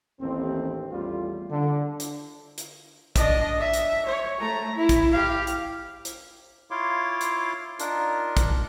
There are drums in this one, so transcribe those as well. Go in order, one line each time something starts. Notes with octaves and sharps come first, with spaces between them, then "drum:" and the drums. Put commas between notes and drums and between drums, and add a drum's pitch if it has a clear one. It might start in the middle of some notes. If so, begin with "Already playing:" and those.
A1 D#2 C4
A1 E2 A2 G3 F4
D3
drum: hi-hat
drum: hi-hat
D4 D#5, drum: kick, hi-hat
E5
drum: hi-hat
C#5
A3 A#5
E4
drum: kick, hi-hat
G4 F5
drum: hi-hat
drum: hi-hat
E4 F4 C#5 F5 C6 D6
drum: hi-hat
D4 D#4 F4 A#4, drum: hi-hat
drum: kick, hi-hat